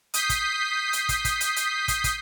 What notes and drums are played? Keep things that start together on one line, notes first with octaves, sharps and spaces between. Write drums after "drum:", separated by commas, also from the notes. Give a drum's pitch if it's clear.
D#6 G6 B6 C7, drum: hi-hat
drum: kick, hi-hat
drum: hi-hat
drum: kick, hi-hat
drum: kick, hi-hat
drum: hi-hat
drum: hi-hat
drum: kick, hi-hat
drum: kick, hi-hat